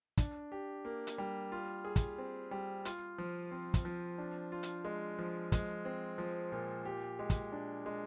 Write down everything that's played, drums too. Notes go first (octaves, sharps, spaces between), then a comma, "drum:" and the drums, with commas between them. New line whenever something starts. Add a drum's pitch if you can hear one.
D4, drum: kick, hi-hat
G4
A#3
drum: hi-hat
G3
F4
G#4
drum: kick, hi-hat
C4
G3
F4, drum: hi-hat
F3
C4
drum: kick, hi-hat
F3
D4
F4
drum: hi-hat
G#3
F3
G#3, drum: kick, hi-hat
C4
F3
A#2
G4
G#3
drum: kick, hi-hat
D4
G#3